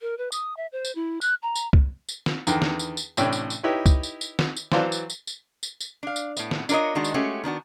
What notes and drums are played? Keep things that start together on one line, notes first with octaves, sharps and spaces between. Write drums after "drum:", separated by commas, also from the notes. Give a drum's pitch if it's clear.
A#4
B4
D#6, drum: tambourine
E5
C5
drum: tambourine
E4
F#6, drum: tambourine
A#5
drum: tambourine
drum: kick C2
drum: tambourine
drum: snare
E2 D3 D#3 B3 G5, drum: tambourine
drum: snare
drum: tambourine
drum: tambourine
A1 A2 C3 D4 C#5 G5, drum: tambourine
drum: tambourine
drum: tambourine
D#4 E4 G4 B4 C#5
drum: kick C2, tambourine
drum: tambourine
drum: tambourine
drum: snare
drum: tambourine
E3 F#3 C5 D5 F5 A5, drum: snare
drum: tambourine
drum: tambourine
drum: tambourine
drum: tambourine
drum: tambourine
D4 F5
drum: tambourine
A2 B3, drum: tambourine
drum: snare
D4 F4 A#4 C#5 D#5, drum: tambourine
D#3 G#3 D4 F#4
drum: tambourine
G#3 A3 C#4 F#4 G4
D#3 B3 D4 F#4